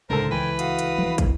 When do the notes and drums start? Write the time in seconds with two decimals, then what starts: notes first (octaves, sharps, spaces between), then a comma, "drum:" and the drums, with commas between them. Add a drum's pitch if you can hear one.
0.10 C#2 A2 D3 A3 A4 A#4 C5 A5
0.31 E3 B4 G5 G#5
0.59 F#4 F5 D#6, drum: hi-hat
0.79 drum: hi-hat
0.98 drum: tom E3
1.18 drum: kick, hi-hat